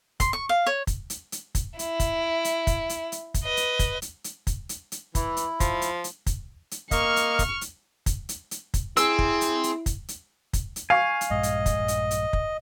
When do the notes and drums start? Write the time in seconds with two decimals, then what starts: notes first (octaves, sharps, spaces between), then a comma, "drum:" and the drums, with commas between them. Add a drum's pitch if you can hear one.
0.20 C6, drum: kick, hi-hat
0.33 C#6
0.49 F5
0.67 C#5
0.87 drum: kick, hi-hat
1.10 drum: hi-hat
1.32 drum: hi-hat
1.55 drum: kick, hi-hat
1.79 E4, drum: hi-hat
2.00 drum: kick, hi-hat
2.45 drum: hi-hat
2.67 drum: kick, hi-hat
2.89 drum: hi-hat
3.12 drum: hi-hat
3.34 drum: kick, hi-hat
3.44 B4 D#5
3.57 drum: hi-hat
3.79 drum: kick, hi-hat
4.02 drum: hi-hat
4.24 drum: hi-hat
4.47 drum: kick, hi-hat
4.69 drum: hi-hat
4.92 drum: hi-hat
5.15 E3 E4, drum: kick, hi-hat
5.37 drum: hi-hat
5.60 F3, drum: kick, hi-hat
5.82 drum: hi-hat
6.04 drum: hi-hat
6.27 drum: kick, hi-hat
6.71 drum: hi-hat
6.91 A#3 D#5 F5 C#6 F6, drum: kick, hi-hat
7.16 drum: hi-hat
7.39 drum: kick, hi-hat
7.61 drum: hi-hat
8.06 drum: kick, hi-hat
8.29 drum: hi-hat
8.51 drum: hi-hat
8.74 drum: kick, hi-hat
8.97 C4 E4 G#4 E6, drum: hi-hat
9.19 drum: kick
9.41 drum: hi-hat
9.64 drum: hi-hat
9.86 drum: kick, hi-hat
10.08 drum: hi-hat
10.53 drum: kick, hi-hat
10.76 drum: hi-hat
10.90 F5 G#5 C#6
11.21 drum: hi-hat
11.30 A#1 G2 G#3 D#5
11.43 drum: hi-hat
11.66 drum: kick, hi-hat
11.88 drum: hi-hat
12.11 drum: hi-hat
12.33 drum: kick